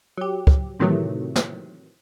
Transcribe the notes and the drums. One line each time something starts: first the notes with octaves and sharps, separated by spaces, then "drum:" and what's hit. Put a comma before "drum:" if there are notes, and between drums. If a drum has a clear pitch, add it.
F#3 G4
drum: kick
A2 C3 D#3 E3 F#3 A3
drum: snare